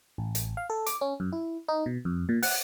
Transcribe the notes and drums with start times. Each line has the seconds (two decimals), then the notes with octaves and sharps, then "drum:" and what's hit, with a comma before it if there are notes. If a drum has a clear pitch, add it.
0.18 A1
0.35 drum: hi-hat
0.57 F5
0.70 A4
0.86 D6, drum: hi-hat
1.01 C#4
1.20 F#2
1.32 E4
1.68 D#4
1.86 B2
2.05 F2
2.29 A#2
2.43 F#5, drum: open hi-hat